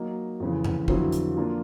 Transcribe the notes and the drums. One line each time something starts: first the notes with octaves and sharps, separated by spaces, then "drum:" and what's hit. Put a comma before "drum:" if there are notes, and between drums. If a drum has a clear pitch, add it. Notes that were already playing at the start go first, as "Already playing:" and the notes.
Already playing: F#3 A#3 D#4
F2 C#3 E3
drum: tom F#2
F2 D3 F#3 B3 E4, drum: kick
drum: hi-hat
F3 A#3 D4 F4